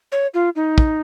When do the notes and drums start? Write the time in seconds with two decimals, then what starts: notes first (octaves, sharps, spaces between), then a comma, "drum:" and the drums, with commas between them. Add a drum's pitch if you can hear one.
0.12 C#5
0.34 F4
0.56 D#4
0.78 drum: kick